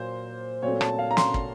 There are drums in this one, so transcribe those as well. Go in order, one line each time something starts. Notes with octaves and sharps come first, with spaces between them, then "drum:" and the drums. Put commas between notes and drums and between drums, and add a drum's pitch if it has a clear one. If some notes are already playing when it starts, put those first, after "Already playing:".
Already playing: A#2 F#3 A#3 C5
A#2 F#3 A3 C4 C#5
A5, drum: rim click
F5
A#5
C6, drum: snare
drum: kick